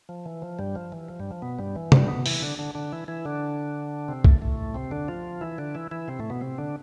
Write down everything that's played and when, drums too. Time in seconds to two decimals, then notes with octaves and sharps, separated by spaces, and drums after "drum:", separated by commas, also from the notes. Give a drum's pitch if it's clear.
0.09 F3
0.26 E3
0.42 F3
0.59 G2 G3
0.75 F3
0.92 E3
1.09 F3
1.19 G2 G3
1.31 F3
1.42 B2 B3
1.59 G2 G3
1.76 E3
1.92 G2 G3, drum: tom C3
2.08 B2 B3
2.26 E3 E4, drum: open hi-hat
2.42 D3 D4
2.59 D3 D4
2.75 D3 D4
2.92 E3 E4
3.08 E3 E4
3.25 D3 D4
4.08 C3 C4
4.24 A2 A3, drum: kick B1
4.42 A2 A3
4.75 C3 C4
4.91 D3 D4
5.08 F3 F4
5.41 E3 E4
5.58 D3 D4
5.75 E3 E4
5.91 E3 E4
6.08 C3 C4
6.19 A2 A3
6.30 B2 B3
6.41 C3 C4
6.58 D3 D4